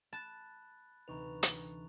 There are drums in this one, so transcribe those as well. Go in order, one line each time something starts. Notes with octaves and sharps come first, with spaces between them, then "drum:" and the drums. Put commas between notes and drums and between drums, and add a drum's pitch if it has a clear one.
A5 B5 F#6 A6
D2 C3 E3 D#4 B4 A#5 C#6 F7
drum: hi-hat